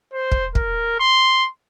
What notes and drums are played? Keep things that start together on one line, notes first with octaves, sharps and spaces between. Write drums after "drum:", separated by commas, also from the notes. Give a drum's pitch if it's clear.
C5
drum: kick
A#4, drum: kick
C6